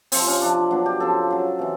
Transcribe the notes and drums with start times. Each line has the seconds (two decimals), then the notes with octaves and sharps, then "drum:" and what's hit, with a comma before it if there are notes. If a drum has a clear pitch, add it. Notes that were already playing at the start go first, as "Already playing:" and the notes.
0.12 C3 F3 C4, drum: open hi-hat
0.27 C#4
0.42 C3 F3 D4
0.71 B2 F#3 D4
0.86 G4
1.00 C#3 F3 A4
1.30 C#3 F#3
1.59 C3 E3